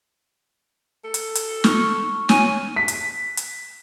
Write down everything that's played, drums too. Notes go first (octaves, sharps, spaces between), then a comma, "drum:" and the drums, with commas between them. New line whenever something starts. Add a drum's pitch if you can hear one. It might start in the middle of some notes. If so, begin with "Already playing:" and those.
A4
drum: hi-hat
drum: hi-hat
C#6 F6, drum: snare
C#4 G#5, drum: snare
B6
drum: hi-hat
drum: hi-hat